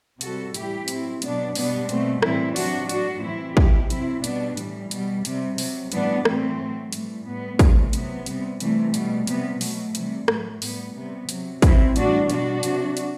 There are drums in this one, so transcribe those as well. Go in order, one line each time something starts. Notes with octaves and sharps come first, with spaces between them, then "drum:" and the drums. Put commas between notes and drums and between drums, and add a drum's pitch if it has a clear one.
C3 G3 F#4 A4, drum: hi-hat
A2 E3 G3 E4 G4, drum: hi-hat
A2 F#3 C4 E4, drum: hi-hat
B2 F#3 B3 D4, drum: hi-hat
B2 G3 B3 D4, drum: open hi-hat
B2 G3 A3 C4, drum: hi-hat
A2 E3 G3 C4 E4, drum: rim click
C3 F#3 D4 F#4, drum: open hi-hat
A2 F#3 D4 F#4, drum: hi-hat
A2 E3 G3 C4 E4
B2 F#3 E4 G4, drum: kick
C3 F#3 C4 E4, drum: hi-hat
B2 G3 B3 D4, drum: hi-hat
A2 E3 G3, drum: hi-hat
B2 G3, drum: hi-hat
C3 G3, drum: hi-hat
C3 F#3, drum: open hi-hat
A2 E3 G3 B3 D4, drum: hi-hat
A2 E3 G3 A3 C4, drum: rim click
A2 F#3
A2 E3 G3 A3, drum: hi-hat
A2 G3 B3
C3 E3 G3 A3 C4, drum: kick, hi-hat
C3 F#3 B3, drum: hi-hat
C3 G3, drum: hi-hat
C3 E3 G3 A3, drum: hi-hat
B2 G3 A3, drum: hi-hat
C3 G3 B3, drum: hi-hat
B2 F#3 A3, drum: open hi-hat
C3 E3 G3, drum: hi-hat
A2 F#3 A3, drum: rim click
A2 G3 B3, drum: open hi-hat
C3 G3 B3
C3 F#3, drum: hi-hat
C3 F#3 C4 E4, drum: kick, hi-hat
A2 E3 G3 D4 F#4, drum: hi-hat
B2 G3 D4 F#4, drum: hi-hat
C3 F#3, drum: hi-hat
drum: hi-hat